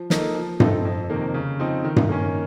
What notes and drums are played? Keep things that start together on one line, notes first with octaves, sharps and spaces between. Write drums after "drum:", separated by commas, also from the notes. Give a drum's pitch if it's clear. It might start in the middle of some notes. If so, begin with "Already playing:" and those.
Already playing: F3
A#3 D#4 A4, drum: snare
F3
C4 D#4 A4, drum: tom G2
F2
C3 D#3 A#3
C#3
F3 C4 D#4
D#3
drum: tom G2
A#3 C#4